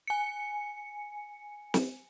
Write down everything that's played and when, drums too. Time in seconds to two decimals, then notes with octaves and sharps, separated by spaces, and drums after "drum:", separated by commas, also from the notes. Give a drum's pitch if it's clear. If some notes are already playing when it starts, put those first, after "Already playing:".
0.07 G#5 C#7
1.74 drum: snare